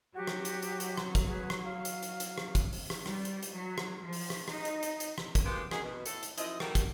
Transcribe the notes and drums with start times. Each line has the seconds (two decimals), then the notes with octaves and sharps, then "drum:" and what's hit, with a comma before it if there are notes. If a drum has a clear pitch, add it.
0.16 F#3 F#4 G4
0.27 drum: rim click
0.45 drum: hi-hat
0.62 drum: hi-hat
0.80 drum: hi-hat
0.97 drum: rim click
1.15 drum: kick, hi-hat
1.27 G#4 B4
1.50 drum: rim click
1.64 F5
1.85 drum: hi-hat
2.03 drum: hi-hat
2.20 drum: hi-hat
2.38 drum: rim click
2.55 drum: kick, hi-hat
2.73 drum: open hi-hat
2.90 drum: rim click
3.06 G3, drum: rim click
3.25 drum: hi-hat
3.43 drum: hi-hat
3.55 F#3
3.78 drum: rim click
4.03 F3
4.13 drum: open hi-hat
4.30 drum: rim click
4.48 D#4, drum: rim click
4.65 drum: hi-hat
4.83 drum: hi-hat
5.00 drum: hi-hat
5.18 drum: rim click
5.35 drum: kick, hi-hat
5.45 F3 G#3 A#3 B3 F#4 G4
5.71 A#3 C#4 D#4 F#4 G#4, drum: rim click
5.84 B2
6.06 A2 A4, drum: hi-hat
6.23 drum: hi-hat
6.38 F#2 F3 E4 D#5, drum: hi-hat
6.60 D#3 G3 F#4 G4 A4 A#4, drum: rim click
6.75 drum: kick, hi-hat